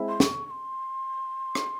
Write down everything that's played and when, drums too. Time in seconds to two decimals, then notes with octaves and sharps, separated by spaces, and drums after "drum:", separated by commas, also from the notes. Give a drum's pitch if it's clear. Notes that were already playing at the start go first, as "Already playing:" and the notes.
Already playing: G#3 C4 E4
0.08 C6
0.20 C#6, drum: snare
0.46 C#6
0.50 C6
1.55 drum: rim click